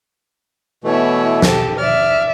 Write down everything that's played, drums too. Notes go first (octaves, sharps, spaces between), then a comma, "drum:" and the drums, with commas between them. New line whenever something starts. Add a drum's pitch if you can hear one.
B2 E3 A3 B3 E4 C#5
G4 A4, drum: snare
D5 E5 F6